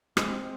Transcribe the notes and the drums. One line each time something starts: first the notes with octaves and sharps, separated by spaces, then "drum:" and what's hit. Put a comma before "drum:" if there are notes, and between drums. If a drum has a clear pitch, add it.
G#3 C4, drum: rim click